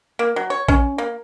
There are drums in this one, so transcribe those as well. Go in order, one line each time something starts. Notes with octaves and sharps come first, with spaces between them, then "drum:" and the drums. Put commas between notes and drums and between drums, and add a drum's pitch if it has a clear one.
A#3
F#3
C#5
C#4, drum: kick
A#3